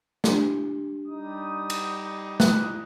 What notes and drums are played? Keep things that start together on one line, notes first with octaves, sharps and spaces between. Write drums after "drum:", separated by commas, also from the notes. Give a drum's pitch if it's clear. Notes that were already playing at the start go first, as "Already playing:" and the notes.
D4 G4, drum: snare
G3 D#4 D#6
drum: cymbal
F#6, drum: snare